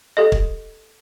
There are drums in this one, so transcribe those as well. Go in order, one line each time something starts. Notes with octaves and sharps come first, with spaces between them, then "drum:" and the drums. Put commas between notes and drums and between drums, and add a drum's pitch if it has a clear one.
G4 A4 D#5
drum: kick